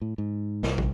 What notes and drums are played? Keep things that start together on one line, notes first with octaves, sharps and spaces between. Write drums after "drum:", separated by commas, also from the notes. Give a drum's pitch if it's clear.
A2
G#2
C2, drum: snare
drum: kick